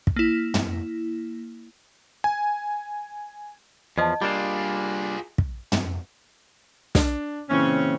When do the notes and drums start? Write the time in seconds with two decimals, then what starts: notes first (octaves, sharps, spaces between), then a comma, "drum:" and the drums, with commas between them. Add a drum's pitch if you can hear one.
0.07 drum: kick
0.16 A#3 E4
0.54 drum: tom
2.24 G#5
3.98 E2 F3 D#5 A5
4.22 G3 A#3 D4 F4 G#4
5.38 drum: kick
5.72 drum: tom
6.95 D4, drum: snare
7.50 A#2 C#3 E3 C4 C#4